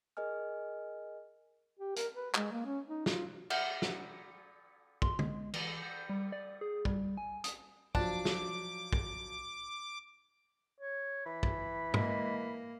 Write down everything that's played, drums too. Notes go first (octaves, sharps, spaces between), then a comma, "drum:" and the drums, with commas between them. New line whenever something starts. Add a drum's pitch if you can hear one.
G#4 A#4 D#5 G#5 F6
G4
A#4, drum: hi-hat
B4
G#3, drum: clap
A#3
C#4
D#4
F4, drum: snare
E5 F#5 F6 G6, drum: cymbal
drum: snare
C6, drum: kick
G#3, drum: tom
E3, drum: cymbal
G6
G3
D5
G#4
G3, drum: kick
G#5
D#6, drum: hi-hat
F3 F#3 D4 D6, drum: kick
drum: snare
drum: kick
C#5
E3 B5
drum: kick
G#3 A#3, drum: tom